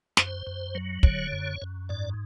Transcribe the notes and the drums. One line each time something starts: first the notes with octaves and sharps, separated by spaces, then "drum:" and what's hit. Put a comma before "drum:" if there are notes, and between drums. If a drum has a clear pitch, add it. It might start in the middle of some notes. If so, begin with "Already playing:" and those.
F#2 C5, drum: snare
F#2
F#3
D3 C#5, drum: kick
F#2
F#2
G#2 D5